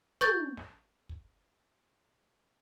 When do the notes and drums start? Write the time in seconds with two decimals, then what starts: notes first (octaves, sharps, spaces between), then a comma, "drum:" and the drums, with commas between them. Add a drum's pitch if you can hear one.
0.21 C#6 G6 A6, drum: tom
0.57 drum: snare
1.09 drum: kick